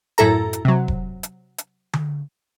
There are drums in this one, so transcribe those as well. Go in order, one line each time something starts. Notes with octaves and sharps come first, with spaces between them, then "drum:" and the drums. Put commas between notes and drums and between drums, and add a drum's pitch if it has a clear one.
F#2 A2 E4 A4 A#5, drum: hi-hat
drum: hi-hat
C3 F#3
drum: kick E1
drum: hi-hat
drum: hi-hat
drum: tom D3